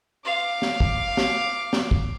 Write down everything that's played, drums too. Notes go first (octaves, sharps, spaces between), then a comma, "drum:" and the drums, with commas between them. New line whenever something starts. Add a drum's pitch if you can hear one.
F5 D6
drum: snare
drum: kick
drum: snare
drum: snare
drum: kick